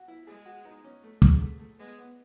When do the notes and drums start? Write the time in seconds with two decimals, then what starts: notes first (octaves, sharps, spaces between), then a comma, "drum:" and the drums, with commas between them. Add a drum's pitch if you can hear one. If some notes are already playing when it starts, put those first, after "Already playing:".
Already playing: F#4
0.08 E4
0.27 G#3 G#4
0.46 F#4
0.65 D#4
0.84 C#4
1.04 A3
1.22 G#3, drum: kick
1.41 A3
1.59 A3
1.79 G#3 B3
1.98 B3